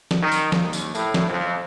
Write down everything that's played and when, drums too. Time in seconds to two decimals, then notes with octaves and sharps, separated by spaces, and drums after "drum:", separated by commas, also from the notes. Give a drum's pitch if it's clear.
0.11 drum: snare
0.22 D#3
0.32 drum: tambourine
0.52 D#2, drum: snare
0.73 drum: tambourine
0.95 A2, drum: tambourine
1.14 drum: snare
1.29 F2